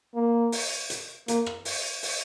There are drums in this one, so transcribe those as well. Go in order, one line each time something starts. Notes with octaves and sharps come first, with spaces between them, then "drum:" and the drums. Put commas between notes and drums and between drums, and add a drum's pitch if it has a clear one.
A#3
drum: open hi-hat
drum: hi-hat
A#3, drum: hi-hat
drum: rim click
drum: open hi-hat
drum: open hi-hat